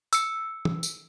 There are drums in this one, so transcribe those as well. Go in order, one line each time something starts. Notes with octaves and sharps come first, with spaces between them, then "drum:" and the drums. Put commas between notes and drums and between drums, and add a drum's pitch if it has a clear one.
E6 C#7, drum: tambourine
drum: tom E3
drum: tambourine